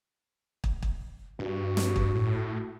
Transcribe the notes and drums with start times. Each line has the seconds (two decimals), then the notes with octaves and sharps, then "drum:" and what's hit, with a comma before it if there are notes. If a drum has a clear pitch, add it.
0.64 drum: kick
0.82 drum: kick
1.39 G2 F#4
1.77 drum: snare
1.96 drum: kick
2.15 A2